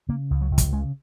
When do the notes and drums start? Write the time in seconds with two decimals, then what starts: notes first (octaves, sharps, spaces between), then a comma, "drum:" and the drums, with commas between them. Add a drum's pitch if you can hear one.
0.09 C#3 A#3
0.30 C#2
0.41 F#3
0.51 C#2
0.58 F#3, drum: kick, hi-hat
0.73 C#3 G#3